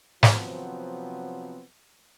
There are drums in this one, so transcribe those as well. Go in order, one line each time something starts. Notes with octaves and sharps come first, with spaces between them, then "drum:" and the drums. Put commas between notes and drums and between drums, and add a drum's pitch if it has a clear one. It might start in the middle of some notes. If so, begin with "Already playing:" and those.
C3 F3 F#3 B3 C4, drum: snare